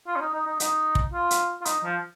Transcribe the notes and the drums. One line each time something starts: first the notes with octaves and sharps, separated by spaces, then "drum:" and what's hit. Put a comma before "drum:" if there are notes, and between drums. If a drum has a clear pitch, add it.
F4
C#4
D#4
D#4
D#4
D#4, drum: hi-hat
drum: kick
F4
drum: hi-hat
F4
D#4, drum: hi-hat
F3